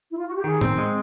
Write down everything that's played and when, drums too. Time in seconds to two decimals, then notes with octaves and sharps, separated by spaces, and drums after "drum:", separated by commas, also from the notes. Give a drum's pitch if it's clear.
0.11 E4
0.18 F4
0.27 F#4
0.36 G4
0.44 D#3 G#4
0.61 C4, drum: tom
0.78 G#3